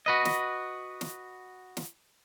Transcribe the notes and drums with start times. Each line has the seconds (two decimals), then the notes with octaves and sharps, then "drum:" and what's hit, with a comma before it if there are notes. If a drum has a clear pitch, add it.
0.06 F#4 B4 D#5
0.25 drum: snare
1.01 drum: snare
1.77 drum: snare